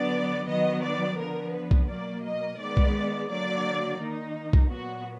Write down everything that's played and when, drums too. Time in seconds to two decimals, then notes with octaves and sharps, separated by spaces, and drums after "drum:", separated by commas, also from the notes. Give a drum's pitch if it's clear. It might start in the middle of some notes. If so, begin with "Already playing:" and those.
Already playing: D3 F#3 B3 D5
0.47 D#3 F#3 B3 D#5
0.82 D5
1.18 D3 F3 B3 A#4
1.53 B4
1.71 drum: kick
1.89 B2 F#3 A#3 D5
2.24 D#5
2.59 D#3 G#3 B3 D5
2.77 drum: kick
3.29 D3 F#3 A#3 D5
4.00 D#3 A#3 D#4
4.53 drum: kick
4.71 A#2 F#3 B3 F#4